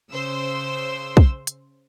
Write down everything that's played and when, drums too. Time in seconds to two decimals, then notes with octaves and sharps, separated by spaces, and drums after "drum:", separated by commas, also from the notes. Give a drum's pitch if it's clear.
0.11 C#3 C5 E6
1.17 drum: kick
1.47 drum: hi-hat